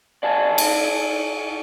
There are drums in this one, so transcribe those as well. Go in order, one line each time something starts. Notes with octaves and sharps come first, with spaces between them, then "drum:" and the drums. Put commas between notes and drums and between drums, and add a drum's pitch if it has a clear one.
D5 F5 G#5 A5
drum: cymbal